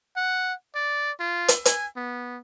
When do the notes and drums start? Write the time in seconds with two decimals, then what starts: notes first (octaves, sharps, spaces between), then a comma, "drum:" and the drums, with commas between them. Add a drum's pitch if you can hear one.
0.16 F#5
0.75 D5
1.20 F4
1.48 drum: hi-hat
1.65 G#5, drum: hi-hat
1.96 B3